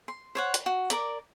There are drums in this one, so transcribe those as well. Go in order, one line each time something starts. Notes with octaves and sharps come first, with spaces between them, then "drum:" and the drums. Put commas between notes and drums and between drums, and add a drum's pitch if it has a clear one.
C6
C5 C#5 F#5
drum: hi-hat
F#4
A#4 D5 D6, drum: hi-hat